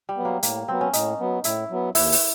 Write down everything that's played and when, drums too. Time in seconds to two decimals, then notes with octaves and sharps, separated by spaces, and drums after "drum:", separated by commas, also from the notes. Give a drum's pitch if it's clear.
0.09 G3
0.17 F#3 B3
0.25 A#3
0.43 A2 A#3, drum: hi-hat
0.68 F#3 B3 C4
0.81 C#4
0.93 A2 D#4, drum: hi-hat
1.19 F#3 B3
1.44 A2 E4, drum: hi-hat
1.70 F#3 B3
1.95 D#2 E4, drum: open hi-hat
2.12 drum: open hi-hat